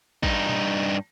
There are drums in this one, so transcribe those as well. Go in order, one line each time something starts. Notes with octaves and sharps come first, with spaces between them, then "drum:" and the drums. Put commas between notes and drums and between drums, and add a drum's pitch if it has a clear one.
G2 D#4, drum: kick
drum: tom A#2